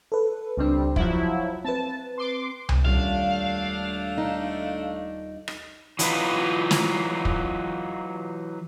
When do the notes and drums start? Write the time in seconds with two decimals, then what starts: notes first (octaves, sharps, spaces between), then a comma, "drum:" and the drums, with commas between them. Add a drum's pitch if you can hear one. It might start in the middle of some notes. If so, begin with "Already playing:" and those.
0.12 A4 B4
0.57 C#2 G3 C4 D4
0.96 F3 F#3 E4 E5, drum: kick
1.65 C4 B4 A5
2.18 C6 D6
2.69 drum: tom C2
2.85 D#1 A3 D4 F5
4.18 D#4
5.48 drum: rim click
5.99 E3 F#3 D#4 F4 B4, drum: hi-hat
6.71 drum: snare
7.25 drum: kick